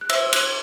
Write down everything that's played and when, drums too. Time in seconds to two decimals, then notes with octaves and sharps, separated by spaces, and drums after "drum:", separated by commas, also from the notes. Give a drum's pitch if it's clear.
0.01 F#6
0.09 C5 E5 E6, drum: cymbal
0.26 E6
0.33 F#6, drum: cymbal